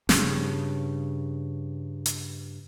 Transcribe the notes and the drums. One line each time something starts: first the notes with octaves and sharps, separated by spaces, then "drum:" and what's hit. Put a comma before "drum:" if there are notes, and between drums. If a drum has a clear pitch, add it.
G2 C#3, drum: snare
drum: hi-hat